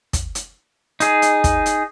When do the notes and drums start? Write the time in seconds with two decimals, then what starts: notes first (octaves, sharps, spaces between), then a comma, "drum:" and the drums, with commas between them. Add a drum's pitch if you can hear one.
0.13 drum: kick, hi-hat
0.35 drum: hi-hat
1.00 D#4 G#4, drum: hi-hat
1.22 drum: hi-hat
1.44 drum: kick, hi-hat
1.66 drum: hi-hat